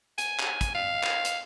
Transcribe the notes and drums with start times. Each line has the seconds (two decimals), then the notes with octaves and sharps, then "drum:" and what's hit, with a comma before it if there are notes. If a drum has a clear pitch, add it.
0.18 G#5, drum: hi-hat
0.40 drum: clap
0.61 drum: kick, hi-hat
0.75 F5
1.03 drum: clap
1.25 drum: hi-hat